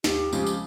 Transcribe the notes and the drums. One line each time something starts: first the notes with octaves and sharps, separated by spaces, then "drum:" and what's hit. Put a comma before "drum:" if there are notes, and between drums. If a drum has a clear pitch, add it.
D#2 G4, drum: snare
C#3 F3 G#3 C4, drum: tambourine
drum: tambourine